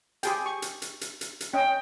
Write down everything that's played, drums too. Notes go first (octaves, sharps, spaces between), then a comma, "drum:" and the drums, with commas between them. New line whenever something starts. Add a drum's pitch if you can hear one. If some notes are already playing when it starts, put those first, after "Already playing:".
G4 G#4 G5, drum: hi-hat
C#6
drum: hi-hat
drum: hi-hat
drum: hi-hat
drum: hi-hat
drum: hi-hat
C#4 D#5 G5